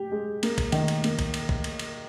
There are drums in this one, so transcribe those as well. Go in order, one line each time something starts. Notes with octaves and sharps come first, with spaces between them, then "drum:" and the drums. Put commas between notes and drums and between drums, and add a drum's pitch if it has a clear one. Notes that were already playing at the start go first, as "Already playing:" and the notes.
Already playing: G4
G#3
A#3, drum: cymbal
drum: kick, cymbal
D#3, drum: cymbal
drum: cymbal
A#3, drum: cymbal
drum: kick, cymbal
drum: cymbal
drum: kick
drum: cymbal
drum: cymbal